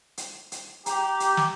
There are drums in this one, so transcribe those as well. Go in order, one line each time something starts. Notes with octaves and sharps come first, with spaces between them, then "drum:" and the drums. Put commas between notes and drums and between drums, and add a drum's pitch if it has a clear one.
drum: hi-hat
drum: hi-hat
G4 A#5, drum: hi-hat
drum: hi-hat
drum: snare